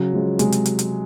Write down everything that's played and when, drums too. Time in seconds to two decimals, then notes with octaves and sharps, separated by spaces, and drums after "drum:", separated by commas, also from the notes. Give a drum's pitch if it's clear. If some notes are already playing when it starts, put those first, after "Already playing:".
Already playing: C#3 F#3
0.14 F3 G#3
0.39 C3 G#3, drum: hi-hat
0.52 drum: hi-hat
0.66 drum: hi-hat
0.79 drum: hi-hat